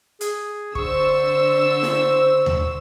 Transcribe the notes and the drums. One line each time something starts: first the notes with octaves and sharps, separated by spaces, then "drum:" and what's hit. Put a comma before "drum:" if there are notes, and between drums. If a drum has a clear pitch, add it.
G#4, drum: hi-hat
D3 C5 C#6 E6, drum: kick
drum: snare
drum: tom D#2